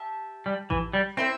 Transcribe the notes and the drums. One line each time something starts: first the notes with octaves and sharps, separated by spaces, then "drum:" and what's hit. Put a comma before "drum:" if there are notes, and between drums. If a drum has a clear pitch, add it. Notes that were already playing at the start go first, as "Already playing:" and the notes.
Already playing: G4 E5 A5
G3
E3, drum: kick A1
G3
C4 E4 C5 E5